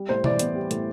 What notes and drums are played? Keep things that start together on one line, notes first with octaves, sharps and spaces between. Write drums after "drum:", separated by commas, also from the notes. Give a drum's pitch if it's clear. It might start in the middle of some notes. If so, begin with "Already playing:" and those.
Already playing: G3
A2 C5
E3 D5, drum: tom B2
B3, drum: hi-hat
G3
A2, drum: hi-hat